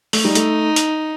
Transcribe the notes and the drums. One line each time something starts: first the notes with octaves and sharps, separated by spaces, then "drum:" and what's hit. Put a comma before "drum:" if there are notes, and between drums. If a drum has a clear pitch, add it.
A3, drum: open hi-hat
G3 D#4
A3, drum: hi-hat
drum: hi-hat